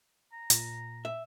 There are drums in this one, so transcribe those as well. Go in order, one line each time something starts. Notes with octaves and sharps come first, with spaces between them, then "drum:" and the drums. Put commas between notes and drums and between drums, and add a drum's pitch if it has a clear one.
A#5
A#2, drum: hi-hat
E5